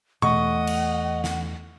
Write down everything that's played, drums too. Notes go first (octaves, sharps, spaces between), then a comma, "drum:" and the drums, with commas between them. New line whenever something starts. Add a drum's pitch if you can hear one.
E2 A3 D#5 F#5 C#6, drum: tom B2
drum: cymbal
drum: snare